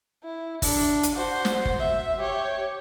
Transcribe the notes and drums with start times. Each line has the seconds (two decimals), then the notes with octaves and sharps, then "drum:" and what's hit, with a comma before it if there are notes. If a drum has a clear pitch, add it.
0.24 E4
0.62 D4, drum: kick, open hi-hat
1.03 drum: hi-hat
1.15 F#4 C5
1.45 drum: snare
1.65 drum: kick
1.79 E5
2.19 G4 C#5